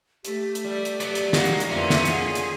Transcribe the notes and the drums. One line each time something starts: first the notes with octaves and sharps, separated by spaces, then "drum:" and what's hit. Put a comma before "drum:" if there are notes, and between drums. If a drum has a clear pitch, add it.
A3 G4, drum: hi-hat
drum: hi-hat
G3
drum: hi-hat
F#3 B3 D5, drum: hi-hat
drum: hi-hat
G#3 A#3 D#4 F#4, drum: snare
drum: hi-hat
drum: hi-hat
F2 A#2 D3 E3 C#4 E5
drum: snare
G#4 F#5, drum: hi-hat
drum: hi-hat